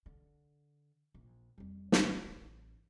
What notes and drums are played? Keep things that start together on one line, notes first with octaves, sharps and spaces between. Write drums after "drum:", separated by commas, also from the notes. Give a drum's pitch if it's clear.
D3
A#1
F2 G3
G1 C#4, drum: snare
A1